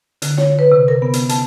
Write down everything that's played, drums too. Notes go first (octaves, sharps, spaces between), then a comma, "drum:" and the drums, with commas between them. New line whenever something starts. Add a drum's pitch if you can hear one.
D3, drum: hi-hat
C#5, drum: snare
B4
C3
A#4
B3
drum: hi-hat
A5, drum: hi-hat